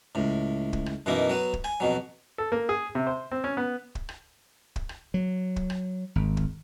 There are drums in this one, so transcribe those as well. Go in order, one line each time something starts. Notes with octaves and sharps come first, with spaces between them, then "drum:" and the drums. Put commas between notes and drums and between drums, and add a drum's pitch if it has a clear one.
C#2 A2
drum: kick
drum: rim click
F#2 B2 E3 A#3 D#4 E4
F#3 B3 B4
drum: kick
G#5, drum: rim click
F2 B2 F#3
A4
A#3
G#4
C3
C5
C4
C#4
B3
drum: kick
drum: rim click
drum: kick
drum: rim click
F#3
drum: kick
drum: rim click
G#1
drum: kick